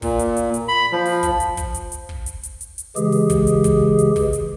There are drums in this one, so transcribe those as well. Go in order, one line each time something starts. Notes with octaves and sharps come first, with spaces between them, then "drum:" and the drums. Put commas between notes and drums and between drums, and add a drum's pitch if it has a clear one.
A#2, drum: kick, open hi-hat
drum: hi-hat
drum: hi-hat
drum: hi-hat
B5
F3
drum: open hi-hat
drum: kick, hi-hat
drum: hi-hat
drum: kick, hi-hat
drum: hi-hat
drum: hi-hat
drum: kick
drum: hi-hat
drum: hi-hat
drum: hi-hat
drum: hi-hat
C#3 E3 G#3 G4 G#4, drum: hi-hat
drum: open hi-hat
drum: kick, hi-hat
drum: hi-hat
drum: kick, hi-hat
drum: hi-hat
drum: kick, open hi-hat
drum: hi-hat